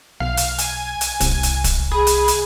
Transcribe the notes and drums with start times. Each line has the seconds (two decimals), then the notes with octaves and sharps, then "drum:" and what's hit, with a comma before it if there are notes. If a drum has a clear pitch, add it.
0.20 B1 F5
0.37 drum: hi-hat
0.58 G#5, drum: hi-hat
1.01 drum: hi-hat
1.20 C2, drum: kick, hi-hat
1.43 drum: hi-hat
1.64 drum: kick, hi-hat
1.92 G#4 B5
2.07 drum: hi-hat
2.28 drum: hi-hat